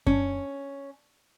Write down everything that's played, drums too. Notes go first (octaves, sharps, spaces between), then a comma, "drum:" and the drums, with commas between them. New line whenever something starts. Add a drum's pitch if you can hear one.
C#4, drum: kick F#2